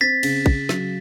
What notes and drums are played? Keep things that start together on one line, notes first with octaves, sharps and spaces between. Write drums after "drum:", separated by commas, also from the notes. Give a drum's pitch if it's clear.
C4 A6 B6
C#3, drum: cymbal
C#3, drum: kick
F#3, drum: snare